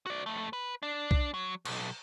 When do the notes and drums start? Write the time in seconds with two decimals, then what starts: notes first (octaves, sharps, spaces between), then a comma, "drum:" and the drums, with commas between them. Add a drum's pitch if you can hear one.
0.07 F#4 D5
0.26 F2 A3
0.53 B4
0.83 D4
1.11 drum: kick B1
1.34 F#3
1.65 B1, drum: cymbal